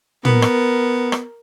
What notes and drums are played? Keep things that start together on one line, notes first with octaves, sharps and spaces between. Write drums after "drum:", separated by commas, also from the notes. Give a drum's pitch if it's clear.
B3 A#4, drum: tom
drum: rim click
drum: rim click